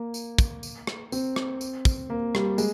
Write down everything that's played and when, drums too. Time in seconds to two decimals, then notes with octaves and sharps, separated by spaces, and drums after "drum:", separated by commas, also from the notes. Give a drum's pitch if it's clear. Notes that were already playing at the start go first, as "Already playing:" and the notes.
Already playing: A#3
0.14 drum: tambourine
0.38 drum: kick, tambourine
0.63 drum: tambourine
0.87 drum: rim click
1.12 C4, drum: tambourine
1.36 drum: rim click
1.61 drum: tambourine
1.85 drum: kick, tambourine
2.10 A#3
2.35 G3, drum: rim click
2.58 G#3, drum: tambourine